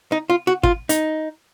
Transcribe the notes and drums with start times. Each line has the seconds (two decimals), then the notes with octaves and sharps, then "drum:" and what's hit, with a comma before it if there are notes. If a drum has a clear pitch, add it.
0.12 D#4
0.30 F4
0.47 F#4
0.63 F4, drum: kick
0.89 D#4, drum: hi-hat